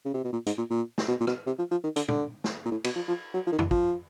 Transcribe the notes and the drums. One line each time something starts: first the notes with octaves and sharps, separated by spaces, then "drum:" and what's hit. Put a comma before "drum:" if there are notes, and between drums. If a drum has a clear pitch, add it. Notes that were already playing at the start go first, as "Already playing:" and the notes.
C#3
C3
B2
A#2
G#2, drum: hi-hat
A#2
A#2
drum: snare
B2
A#2
B2, drum: rim click
C3
F3
F3
D#3
D3, drum: hi-hat
D3, drum: tom
drum: snare
A#2
A2
B2, drum: cymbal
F3
F3
F#3
F3
D#3
E3, drum: tom F2
F3, drum: kick